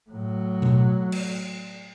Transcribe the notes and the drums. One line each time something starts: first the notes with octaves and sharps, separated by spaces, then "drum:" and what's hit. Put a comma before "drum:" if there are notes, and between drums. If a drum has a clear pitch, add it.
A2 F#3
drum: tom B2
drum: cymbal